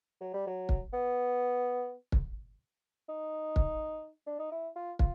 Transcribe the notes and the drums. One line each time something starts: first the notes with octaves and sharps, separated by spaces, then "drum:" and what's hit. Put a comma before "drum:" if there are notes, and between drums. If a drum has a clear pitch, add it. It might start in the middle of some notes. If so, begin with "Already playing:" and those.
F#3
G3
F#3
drum: kick
B3
drum: kick
D#4
drum: kick
D4
D#4
E4
F4
F4, drum: kick